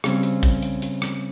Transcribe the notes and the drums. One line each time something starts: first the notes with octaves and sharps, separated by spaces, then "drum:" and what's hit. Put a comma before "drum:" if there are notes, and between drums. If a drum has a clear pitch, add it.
C#3 G3 C4, drum: rim click
drum: hi-hat
drum: kick, hi-hat
drum: hi-hat
drum: hi-hat
drum: rim click